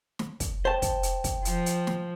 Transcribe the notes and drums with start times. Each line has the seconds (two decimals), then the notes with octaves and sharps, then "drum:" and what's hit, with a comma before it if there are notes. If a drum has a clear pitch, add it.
0.19 drum: snare
0.40 drum: kick, hi-hat
0.65 C5 G5 A5
0.82 drum: kick, hi-hat
1.03 drum: hi-hat
1.24 drum: kick, hi-hat
1.45 F3, drum: hi-hat
1.66 drum: hi-hat
1.87 drum: snare